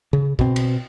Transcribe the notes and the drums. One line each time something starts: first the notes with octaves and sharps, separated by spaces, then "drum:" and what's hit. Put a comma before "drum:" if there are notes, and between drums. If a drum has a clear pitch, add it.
C#3
B2 C4, drum: kick
drum: cymbal